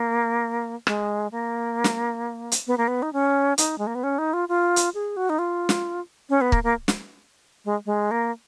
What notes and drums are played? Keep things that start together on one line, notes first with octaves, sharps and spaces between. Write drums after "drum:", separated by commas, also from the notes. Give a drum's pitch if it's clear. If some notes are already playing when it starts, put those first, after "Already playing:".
Already playing: A#3
G#3, drum: rim click
A#3
drum: snare
drum: hi-hat
B3
A#3
B3
D#4
C#4
D#4, drum: hi-hat
G#3
A#3
B3
C#4
D#4
F4
F4
drum: hi-hat
G#4
F#4
D#4
F4
drum: snare
C#4
B3
A#3, drum: kick C#1
A#3
drum: snare
G#3
G#3
A#3